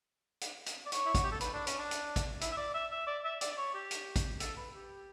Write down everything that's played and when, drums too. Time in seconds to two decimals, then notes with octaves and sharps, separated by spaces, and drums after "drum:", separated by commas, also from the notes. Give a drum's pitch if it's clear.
0.41 drum: hi-hat
0.66 drum: hi-hat
0.85 D5
0.92 C#5, drum: hi-hat
1.05 E4
1.15 F#4, drum: kick, hi-hat
1.23 G4
1.32 A4
1.41 B4, drum: hi-hat
1.54 D4
1.67 C#4, drum: hi-hat
1.79 D4
1.91 drum: hi-hat
2.16 drum: kick, hi-hat
2.41 E4, drum: hi-hat
2.52 E5
2.58 D5
2.74 E5
2.91 E5
3.07 D5
3.24 E5
3.41 D5, drum: hi-hat
3.51 D5
3.57 C#5
3.74 G4
3.91 drum: hi-hat
4.16 drum: kick, hi-hat
4.40 A4, drum: hi-hat
4.57 B4
4.74 G4